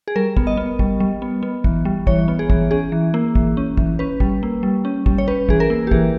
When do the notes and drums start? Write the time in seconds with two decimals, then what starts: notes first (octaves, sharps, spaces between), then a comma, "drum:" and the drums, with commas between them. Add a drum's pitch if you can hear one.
0.08 G#4
0.16 G3 A#4
0.37 B3, drum: kick
0.47 D#5
0.57 B3
0.79 G3, drum: kick
1.00 G3
1.22 B3
1.43 B3
1.64 E3, drum: kick
1.85 G3
2.07 E3 C#5, drum: kick
2.28 B3
2.39 G#4
2.50 E3, drum: kick
2.71 C#4 G#4
2.92 E3
3.14 A#3
3.35 E3, drum: kick
3.57 C#4
3.77 E3, drum: kick
3.99 C#4 B4
4.20 G3, drum: kick
4.43 A#3
4.63 G3
4.85 C#4
5.06 G3, drum: kick
5.18 C#5
5.28 C#4 B4
5.49 E3 G#4, drum: kick
5.60 A#4
5.70 A#3
5.87 G4
5.91 E3 G#4, drum: kick